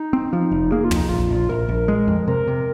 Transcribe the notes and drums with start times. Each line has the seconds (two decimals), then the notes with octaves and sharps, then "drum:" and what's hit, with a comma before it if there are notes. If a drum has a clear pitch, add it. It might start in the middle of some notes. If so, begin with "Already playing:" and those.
Already playing: D#4
0.13 C4
0.33 F3
0.51 F1
0.71 A#3 G#4
0.84 F4
0.91 F2, drum: tom
0.97 D#4
1.09 A#1 F4
1.30 A#1
1.49 A#1 A#4
1.69 A#1
1.88 G#3
2.08 F2
2.28 C3 A#4
2.47 C3